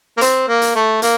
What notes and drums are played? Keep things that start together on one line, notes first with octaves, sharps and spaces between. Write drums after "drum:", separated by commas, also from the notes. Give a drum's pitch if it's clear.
A#3
C4, drum: hi-hat
A#3
drum: hi-hat
A3
A#3, drum: hi-hat